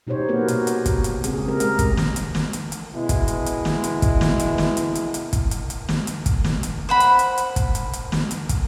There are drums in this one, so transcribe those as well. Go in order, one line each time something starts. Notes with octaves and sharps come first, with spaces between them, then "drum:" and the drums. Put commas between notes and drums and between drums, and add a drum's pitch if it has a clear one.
B2 D#4 G4 C5 C#5
A#3 B3 F#4 A#4 B4
B2, drum: hi-hat
drum: hi-hat
drum: kick, hi-hat
drum: hi-hat
C#3 G#3 C4 G#4, drum: hi-hat
C#3 G#3 G4 A#4
drum: hi-hat
drum: kick, hi-hat
drum: snare
drum: hi-hat
drum: snare
drum: hi-hat
drum: hi-hat
B2 G#3 E4
drum: kick, hi-hat
drum: hi-hat
drum: hi-hat
drum: snare
drum: hi-hat
drum: kick, hi-hat
drum: snare
drum: hi-hat
drum: snare
drum: hi-hat
drum: hi-hat
drum: hi-hat
drum: kick, hi-hat
drum: hi-hat
drum: hi-hat
drum: snare
drum: hi-hat
drum: kick, hi-hat
drum: snare
drum: hi-hat
C5 F#5 B5
drum: hi-hat
drum: hi-hat
drum: hi-hat
drum: kick, hi-hat
drum: hi-hat
drum: hi-hat
drum: snare
drum: hi-hat
drum: kick, hi-hat